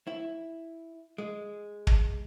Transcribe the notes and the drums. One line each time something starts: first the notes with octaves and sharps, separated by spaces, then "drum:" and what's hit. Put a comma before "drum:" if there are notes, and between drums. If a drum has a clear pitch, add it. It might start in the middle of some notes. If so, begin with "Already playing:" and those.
E4
G#3
drum: kick